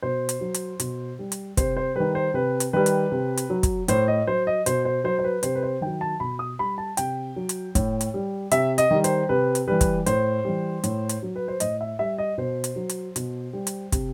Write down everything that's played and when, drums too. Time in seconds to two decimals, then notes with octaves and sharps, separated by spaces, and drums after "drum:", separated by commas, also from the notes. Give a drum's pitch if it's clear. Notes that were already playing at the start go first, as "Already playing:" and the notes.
0.02 B2 C5
0.29 drum: hi-hat
0.41 F#3
0.54 drum: hi-hat
0.80 B2, drum: hi-hat
1.19 G3
1.32 drum: hi-hat
1.57 C3 C5, drum: kick, hi-hat
1.77 C5
1.96 D#3 G3 B4
2.15 C5
2.34 C3 B4
2.60 drum: hi-hat
2.73 D#3 G3 B4
2.86 drum: hi-hat
3.12 C3
3.37 drum: hi-hat
3.50 F#3
3.63 drum: kick, hi-hat
3.88 A2 C5, drum: hi-hat
4.08 D#5
4.27 F#3 C5
4.47 D#5
4.66 B2 C5, drum: hi-hat
4.85 C5
5.04 F#3 C5
5.19 C5
5.24 B4
5.43 C3 C5, drum: hi-hat
5.55 B4
5.63 C5
5.81 D#3 F#3 G5
6.01 A5
6.20 B2 B5
6.39 D#6
6.59 G3 B5
6.78 A5
6.97 C3 G5, drum: hi-hat
7.36 F#3
7.49 drum: hi-hat
7.75 A2, drum: kick, hi-hat
8.01 drum: hi-hat
8.14 G3
8.51 C3 E5, drum: hi-hat
8.78 D#5, drum: hi-hat
8.91 D#3 G3
9.04 C5, drum: hi-hat
9.29 C3 B4
9.55 drum: hi-hat
9.68 E3 G3 B4
9.81 drum: kick, hi-hat
10.06 A2 C5, drum: hi-hat
10.45 E3 G3
10.84 A2, drum: hi-hat
11.09 drum: hi-hat
11.23 F#3
11.36 B4
11.48 C5
11.60 A2 D#5, drum: hi-hat
11.81 E5
11.99 G3 E5
12.18 D#5
12.38 B2 C5
12.64 drum: hi-hat
12.76 F#3
12.89 drum: hi-hat
13.16 B2, drum: hi-hat
13.53 G3
13.67 drum: hi-hat
13.92 C3, drum: kick, hi-hat